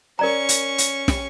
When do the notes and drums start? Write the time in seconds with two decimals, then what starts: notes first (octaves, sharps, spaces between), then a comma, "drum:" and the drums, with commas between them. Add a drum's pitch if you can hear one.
0.19 C#4 A#4 D5 A#5 C#6
0.49 drum: hi-hat
0.78 drum: hi-hat
1.08 drum: snare